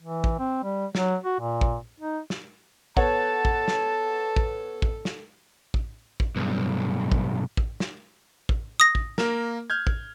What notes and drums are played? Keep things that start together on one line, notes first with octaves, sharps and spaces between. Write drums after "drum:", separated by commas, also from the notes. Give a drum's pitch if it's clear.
E3
drum: kick
C4
G3
F#3, drum: snare
F#4
A#2
drum: kick
D#4
drum: snare
B3 A4 C#5 F#5 A5, drum: kick
drum: kick
drum: snare
drum: kick
drum: kick
drum: snare
drum: kick
drum: kick
B1 G2
drum: kick
drum: kick
drum: snare
drum: kick
D#6 A#6
drum: kick
A#3 A#4, drum: snare
F6 G6 G#6
drum: kick